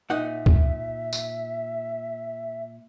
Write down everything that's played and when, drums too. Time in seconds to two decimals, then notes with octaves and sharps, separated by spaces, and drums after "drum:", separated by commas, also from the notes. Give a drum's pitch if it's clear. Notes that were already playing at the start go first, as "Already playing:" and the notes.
0.10 A#2 D#4 E5 F#5
0.46 drum: kick C#2
1.13 drum: tambourine